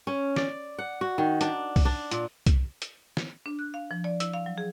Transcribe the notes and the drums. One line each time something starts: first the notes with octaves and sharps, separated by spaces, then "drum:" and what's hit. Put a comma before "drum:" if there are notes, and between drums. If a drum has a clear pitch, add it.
C#4
D5, drum: snare
F#5
F#4
D#3
D4, drum: hi-hat
drum: kick C2, open hi-hat
D4
A#2, drum: hi-hat
drum: kick C2, hi-hat
drum: hi-hat
drum: snare
D4
F#6
F5
F3
D5
E4, drum: hi-hat
F5
F#3
G#4